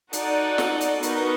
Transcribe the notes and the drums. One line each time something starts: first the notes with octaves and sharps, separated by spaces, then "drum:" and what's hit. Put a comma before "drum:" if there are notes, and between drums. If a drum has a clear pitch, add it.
D#4 F#4 A4 D5 F#5, drum: hi-hat
drum: snare
drum: hi-hat
B3 D#4 F#4 A#4, drum: hi-hat